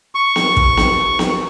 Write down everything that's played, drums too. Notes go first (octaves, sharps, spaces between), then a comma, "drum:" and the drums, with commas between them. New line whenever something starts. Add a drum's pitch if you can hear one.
C#6
drum: snare B3
drum: kick
drum: snare B3
drum: snare B3